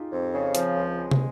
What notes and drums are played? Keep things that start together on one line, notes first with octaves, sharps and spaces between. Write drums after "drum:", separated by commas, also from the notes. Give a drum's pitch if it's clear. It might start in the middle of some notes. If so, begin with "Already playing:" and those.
Already playing: D#4 F4 G4 G#4
F2 C4
C#3 C#4
F3 C4, drum: hi-hat
C#2
G#3
drum: tom